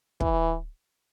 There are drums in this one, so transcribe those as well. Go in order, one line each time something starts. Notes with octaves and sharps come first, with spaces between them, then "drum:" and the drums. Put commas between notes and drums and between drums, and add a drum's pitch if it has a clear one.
E3, drum: kick